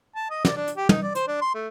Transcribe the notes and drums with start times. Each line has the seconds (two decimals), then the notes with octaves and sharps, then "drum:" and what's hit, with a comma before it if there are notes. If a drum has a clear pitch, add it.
0.16 A5
0.30 D#5
0.45 D5, drum: snare
0.56 D4
0.68 drum: hi-hat
0.77 G4
0.89 D#4, drum: tom
1.03 D5
1.15 C5, drum: hi-hat
1.28 D4
1.42 C6
1.54 A3